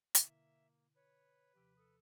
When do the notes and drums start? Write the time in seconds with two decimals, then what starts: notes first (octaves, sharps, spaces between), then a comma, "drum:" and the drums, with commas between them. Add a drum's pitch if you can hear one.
0.15 B2 D3 A#3 E4 E5, drum: hi-hat
0.96 B4 C#5
1.55 D#2 C3 F3 G4
1.77 A4 D#6